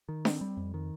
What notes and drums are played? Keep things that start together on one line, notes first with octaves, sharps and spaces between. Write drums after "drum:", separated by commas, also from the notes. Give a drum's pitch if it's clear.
D#3
C4, drum: snare D4
G3
F2
D#3